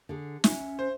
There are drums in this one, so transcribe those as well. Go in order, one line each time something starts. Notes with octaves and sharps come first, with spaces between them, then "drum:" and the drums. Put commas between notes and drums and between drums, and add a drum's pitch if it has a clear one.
D3 G#4
C#4 E5, drum: snare
C5